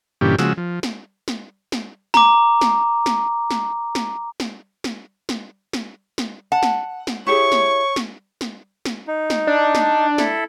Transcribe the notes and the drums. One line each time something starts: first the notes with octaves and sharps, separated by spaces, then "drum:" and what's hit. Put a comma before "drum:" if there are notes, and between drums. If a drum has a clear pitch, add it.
G2 A#2 D3 E3 C#4 G4
C#3 F3 G#3 F#4 E6, drum: snare
F3
drum: snare
drum: snare
drum: snare
A#5 D6, drum: snare
drum: snare
drum: snare
drum: snare
drum: snare
drum: snare
drum: snare
drum: snare
drum: snare
drum: snare
F#5 A5
drum: snare
drum: snare
E4 G4 G#4 C#5 C#6
drum: snare
drum: snare
drum: snare
drum: snare
D#4
drum: snare
D4
drum: snare
E4 A4, drum: snare